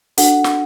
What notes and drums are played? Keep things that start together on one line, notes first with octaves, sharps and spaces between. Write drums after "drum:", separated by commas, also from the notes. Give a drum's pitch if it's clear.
D4 F#4 A4 F#5, drum: hi-hat
drum: snare